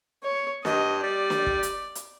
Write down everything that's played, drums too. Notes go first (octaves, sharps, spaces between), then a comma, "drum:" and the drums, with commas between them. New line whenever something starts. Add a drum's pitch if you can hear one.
C#5
G2 D#5, drum: snare
G3 D5
drum: snare
drum: kick
drum: hi-hat
drum: hi-hat